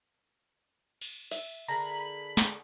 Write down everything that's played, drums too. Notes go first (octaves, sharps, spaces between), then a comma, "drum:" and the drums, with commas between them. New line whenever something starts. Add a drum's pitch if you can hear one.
drum: cymbal
E5, drum: cymbal
D3 G#4 A#4 A#5 B5
drum: snare